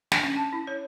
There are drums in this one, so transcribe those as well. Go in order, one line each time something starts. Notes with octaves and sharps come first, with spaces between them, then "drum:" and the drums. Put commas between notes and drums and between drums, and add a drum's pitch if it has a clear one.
D4, drum: snare
C#4
A5
E4
C#5